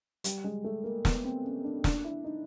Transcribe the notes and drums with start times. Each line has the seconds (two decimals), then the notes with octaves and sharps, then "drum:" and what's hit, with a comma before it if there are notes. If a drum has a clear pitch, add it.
0.24 G3, drum: hi-hat
0.44 G#3
0.64 A3
0.84 A#3
1.05 B3, drum: snare
1.24 C4
1.44 C#4
1.64 D4
1.84 D4, drum: snare
2.04 E4
2.24 D#4